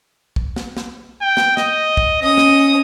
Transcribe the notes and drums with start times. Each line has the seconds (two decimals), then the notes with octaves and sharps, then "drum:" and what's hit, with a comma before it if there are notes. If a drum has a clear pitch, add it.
0.36 drum: kick
0.56 drum: snare
0.77 drum: snare
1.21 G5
1.37 drum: snare
1.57 D#5, drum: snare
1.97 drum: kick
2.22 C#4 D#5 D#6
2.38 drum: snare